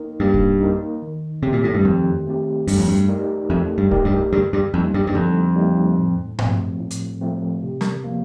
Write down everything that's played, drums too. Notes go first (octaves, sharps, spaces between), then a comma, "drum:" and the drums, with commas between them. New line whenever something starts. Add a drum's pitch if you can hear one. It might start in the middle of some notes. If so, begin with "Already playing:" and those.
Already playing: A#3 D#4 A#4
G2 A#3
drum: kick
D#4 A#4
D#3
C3 A3 C4 G4
A#2
A2
G2
F2 D#3
A3 C4 G4
G2 A3, drum: open hi-hat
F2
G2
D#4 G4 A#4 D5
F2 A3
G2
D#4 G4 A#4 D5, drum: kick
G2
G2 D3
G2
F2 G3 A#3 D#4
G2
G2
F2 D3
G3 A#3 D#4
A2
F3 A3 C4, drum: tom G#2
A2
drum: hi-hat
F3 A3 C4
C3
drum: snare
F3 A#3